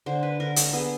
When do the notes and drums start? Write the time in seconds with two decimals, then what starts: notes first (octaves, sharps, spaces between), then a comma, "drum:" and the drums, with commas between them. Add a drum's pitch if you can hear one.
0.06 D3 C5
0.23 B4
0.40 D3 A#4
0.56 A4, drum: hi-hat
0.73 B3 G#4